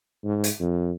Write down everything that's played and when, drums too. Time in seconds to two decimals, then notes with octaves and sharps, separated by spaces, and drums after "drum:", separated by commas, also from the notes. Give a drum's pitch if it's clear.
0.24 G#2
0.44 drum: hi-hat
0.60 F2